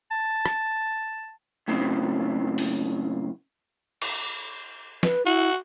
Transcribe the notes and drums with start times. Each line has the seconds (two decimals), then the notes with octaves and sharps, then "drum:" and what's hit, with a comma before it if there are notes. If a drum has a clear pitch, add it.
0.11 A5
0.46 drum: rim click
1.68 F#2 A2 C#3 C4
2.58 drum: open hi-hat
4.02 drum: cymbal
5.03 B4, drum: snare
5.26 E4 F#4